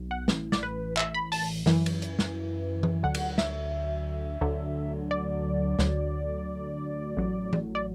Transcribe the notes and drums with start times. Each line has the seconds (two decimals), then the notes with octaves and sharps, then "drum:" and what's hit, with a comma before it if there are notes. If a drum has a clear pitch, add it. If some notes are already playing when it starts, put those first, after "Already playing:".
Already playing: B1
0.11 F#5
0.28 A1 A2 E3, drum: snare
0.52 D5, drum: snare
0.63 B4
0.97 E5, drum: clap
1.14 B5
1.32 A5, drum: open hi-hat
1.66 F#2 E3, drum: snare
1.86 drum: cymbal
2.02 drum: hi-hat
2.19 drum: snare
2.83 drum: tom E3
3.03 D2 D3 F#3 F#5
3.14 drum: cymbal
3.38 E5, drum: snare
4.41 D2 D3 F#3
5.11 D5
5.79 D2 D3 F#3, drum: snare
7.17 A1 A2 F#3
7.53 drum: tom E3
7.75 D5